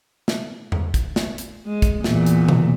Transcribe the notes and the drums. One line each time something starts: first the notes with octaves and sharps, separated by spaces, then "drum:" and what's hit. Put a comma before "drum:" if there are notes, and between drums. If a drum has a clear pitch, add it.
drum: snare
drum: tom E2
drum: kick, hi-hat
drum: snare
drum: hi-hat
G#3
drum: kick, hi-hat
E2 A#2, drum: snare
drum: hi-hat
drum: tom B2